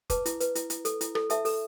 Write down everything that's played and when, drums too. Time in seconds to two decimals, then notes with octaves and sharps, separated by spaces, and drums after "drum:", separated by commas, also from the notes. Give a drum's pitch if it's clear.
0.10 B4 A5 D6, drum: kick, hi-hat
0.26 E4, drum: hi-hat
0.40 B4, drum: hi-hat
0.55 E4, drum: hi-hat
0.70 E4, drum: hi-hat
0.85 A4, drum: hi-hat
1.01 E4, drum: hi-hat
1.15 A4, drum: rim click
1.30 A4 E5 A5, drum: hi-hat
1.45 A4, drum: open hi-hat